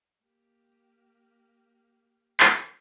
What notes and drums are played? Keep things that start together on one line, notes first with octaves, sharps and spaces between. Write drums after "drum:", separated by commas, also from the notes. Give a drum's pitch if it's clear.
A#3 G4
drum: clap